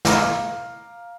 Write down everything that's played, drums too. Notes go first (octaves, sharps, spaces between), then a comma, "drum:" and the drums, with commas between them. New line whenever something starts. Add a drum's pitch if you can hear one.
F5 A#5 D6 F6, drum: snare